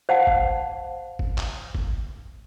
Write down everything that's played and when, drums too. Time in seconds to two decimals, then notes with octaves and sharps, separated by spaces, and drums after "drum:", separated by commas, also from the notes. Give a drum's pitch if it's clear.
0.09 C5 F5 F#5 A5
0.27 drum: kick
1.19 drum: kick
1.38 drum: clap
1.75 drum: kick